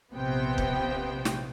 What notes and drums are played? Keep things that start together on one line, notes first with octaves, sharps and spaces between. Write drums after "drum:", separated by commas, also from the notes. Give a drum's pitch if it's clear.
A#1 C3 F3 B3 C5 G5
drum: kick
drum: snare